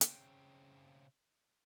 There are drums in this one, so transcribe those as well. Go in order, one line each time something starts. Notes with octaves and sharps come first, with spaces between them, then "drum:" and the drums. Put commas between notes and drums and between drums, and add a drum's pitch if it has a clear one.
C#3 C4, drum: hi-hat